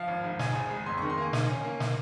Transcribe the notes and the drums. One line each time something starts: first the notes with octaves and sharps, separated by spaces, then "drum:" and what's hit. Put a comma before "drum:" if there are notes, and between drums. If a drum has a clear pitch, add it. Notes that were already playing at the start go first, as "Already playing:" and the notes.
Already playing: F3 F5
G#1
G#2
G#1 G#5, drum: snare
G#1
G#3
F2 C6
D#3 C#6
C6
A#3 G#5
D#3 G#5, drum: snare
C#4
A#3
drum: snare